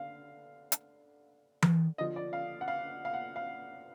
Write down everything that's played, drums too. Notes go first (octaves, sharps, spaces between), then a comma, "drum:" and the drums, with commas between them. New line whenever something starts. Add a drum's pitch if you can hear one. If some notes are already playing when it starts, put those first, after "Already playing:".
Already playing: D3 F5
drum: hi-hat
drum: tom E3
D3 F3 D#5
D5
F5
F#5
F5
F5
F#5
F5